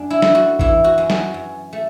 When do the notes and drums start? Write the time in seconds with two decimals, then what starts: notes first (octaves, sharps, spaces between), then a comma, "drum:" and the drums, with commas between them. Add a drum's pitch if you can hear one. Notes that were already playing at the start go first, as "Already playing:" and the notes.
Already playing: F#2 D4
0.10 E4
0.22 A3, drum: snare
0.35 F#4
0.59 E3 E4, drum: kick
0.84 F#4
0.98 F#2
1.10 F#4, drum: snare
1.34 F#2
1.73 A3